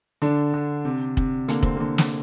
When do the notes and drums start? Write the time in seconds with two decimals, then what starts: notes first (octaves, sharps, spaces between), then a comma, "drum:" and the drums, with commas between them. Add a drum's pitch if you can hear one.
0.22 D3 D4
0.54 D3
0.85 C3
1.17 C3, drum: kick
1.48 D3 A#3, drum: hi-hat
1.63 C4, drum: kick
1.77 D3 A#3
1.98 drum: snare